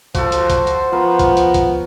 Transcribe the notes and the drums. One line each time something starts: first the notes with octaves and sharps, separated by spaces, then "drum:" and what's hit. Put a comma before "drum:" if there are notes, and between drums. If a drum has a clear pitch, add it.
F3 F#4 A4 C5, drum: kick B1, hi-hat
drum: hi-hat
drum: kick B1, hi-hat
drum: hi-hat
F3 B3 A#4
drum: kick B1, hi-hat
drum: hi-hat
drum: kick B1, hi-hat